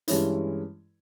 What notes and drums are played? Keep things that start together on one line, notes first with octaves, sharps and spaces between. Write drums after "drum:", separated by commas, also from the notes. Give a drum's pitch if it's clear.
G2 E3 G#3 C#4 E4, drum: hi-hat